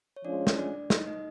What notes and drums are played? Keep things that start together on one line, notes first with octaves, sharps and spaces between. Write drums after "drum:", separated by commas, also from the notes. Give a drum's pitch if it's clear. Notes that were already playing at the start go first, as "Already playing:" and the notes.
C#5
F3 G#3 C#4 D4 F4 D5
drum: snare
D4 D5
D#4 D#5, drum: snare
D#4 D#5